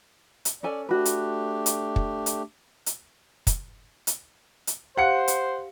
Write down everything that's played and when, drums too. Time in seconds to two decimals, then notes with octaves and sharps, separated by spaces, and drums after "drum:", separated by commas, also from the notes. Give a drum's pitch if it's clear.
0.45 drum: hi-hat
0.63 C#4 A4 D5 G#5
0.89 A3 D4 F#4 G4 B4
1.05 drum: hi-hat
1.66 drum: hi-hat
1.96 drum: kick
2.26 drum: hi-hat
2.86 drum: hi-hat
3.47 drum: kick, hi-hat
4.07 drum: hi-hat
4.67 drum: hi-hat
4.97 G4 C5 F5 F#5 F#6 C#7
5.28 drum: hi-hat